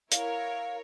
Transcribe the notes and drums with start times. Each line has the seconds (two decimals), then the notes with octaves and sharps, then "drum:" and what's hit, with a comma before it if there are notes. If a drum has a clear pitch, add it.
0.12 E4 A#4 C#5 F5, drum: hi-hat